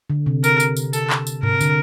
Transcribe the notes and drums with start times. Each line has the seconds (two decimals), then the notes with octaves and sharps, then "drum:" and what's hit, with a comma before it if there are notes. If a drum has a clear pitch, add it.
0.10 D3
0.26 C3
0.44 A#4, drum: tambourine
0.60 drum: tambourine
0.77 drum: tambourine
0.93 A4, drum: tambourine
1.10 drum: clap
1.27 drum: tambourine
1.43 C3 A#4, drum: tom G#2
1.61 D3, drum: tambourine